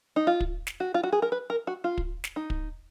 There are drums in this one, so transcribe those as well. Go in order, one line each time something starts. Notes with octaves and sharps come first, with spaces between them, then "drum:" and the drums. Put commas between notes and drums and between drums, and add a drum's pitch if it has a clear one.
D#4
F4
drum: kick
drum: snare
F#4
F4
F#4
G#4
A#4
B4
A#4
F#4
F4
drum: kick
drum: snare
D#4
drum: kick